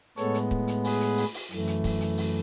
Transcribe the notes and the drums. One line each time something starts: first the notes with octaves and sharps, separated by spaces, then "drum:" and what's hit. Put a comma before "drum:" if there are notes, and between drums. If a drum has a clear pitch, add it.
A2 G#3 B3 A4 C#5, drum: hi-hat
drum: hi-hat
drum: kick C#1
drum: hi-hat
G#4 B4, drum: open hi-hat
drum: hi-hat
drum: open hi-hat
drum: open hi-hat
F#2 E3 A3, drum: hi-hat
drum: hi-hat
drum: kick C#1, open hi-hat
drum: hi-hat
drum: open hi-hat